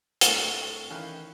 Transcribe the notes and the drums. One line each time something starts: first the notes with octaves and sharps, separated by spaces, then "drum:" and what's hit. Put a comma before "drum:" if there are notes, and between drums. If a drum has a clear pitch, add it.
C2 G2 A3 C#6, drum: hi-hat
D#3 E3 C#4 F5 G5 F#6